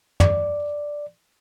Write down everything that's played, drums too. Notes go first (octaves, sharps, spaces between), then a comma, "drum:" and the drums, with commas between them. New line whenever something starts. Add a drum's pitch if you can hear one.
D5, drum: tom